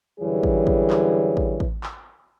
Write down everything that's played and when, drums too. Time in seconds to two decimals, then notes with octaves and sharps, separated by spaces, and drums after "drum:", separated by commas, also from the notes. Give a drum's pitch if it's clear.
0.20 F#2 D3 E3 G3 G#4 C#5
0.43 drum: kick A1
0.67 drum: kick A1
0.90 drum: clap
1.37 drum: kick A1
1.60 drum: kick A1
1.84 drum: clap